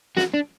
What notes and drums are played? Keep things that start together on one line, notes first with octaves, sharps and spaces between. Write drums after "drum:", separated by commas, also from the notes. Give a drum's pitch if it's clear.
F#4, drum: snare
D4